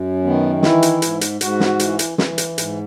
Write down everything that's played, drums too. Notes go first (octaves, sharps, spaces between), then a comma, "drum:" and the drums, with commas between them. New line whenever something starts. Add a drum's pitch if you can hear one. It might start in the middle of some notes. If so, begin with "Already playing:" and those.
Already playing: F#2
D#3 B3
E3 E4, drum: snare
drum: hi-hat
G#2, drum: hi-hat
drum: hi-hat
G#2 F#4, drum: hi-hat
drum: snare
E3, drum: hi-hat
drum: hi-hat
E3, drum: snare
drum: hi-hat
G#2, drum: hi-hat